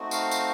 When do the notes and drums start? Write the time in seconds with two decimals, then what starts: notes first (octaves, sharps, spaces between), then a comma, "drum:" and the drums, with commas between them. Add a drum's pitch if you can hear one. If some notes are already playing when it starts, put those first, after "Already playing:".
Already playing: A3 C4 D#4 F#4
0.11 F5, drum: tambourine
0.31 drum: tambourine